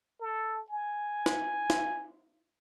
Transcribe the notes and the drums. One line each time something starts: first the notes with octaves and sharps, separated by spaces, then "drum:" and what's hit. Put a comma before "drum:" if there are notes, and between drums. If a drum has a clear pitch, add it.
A4
G#5
drum: snare
drum: snare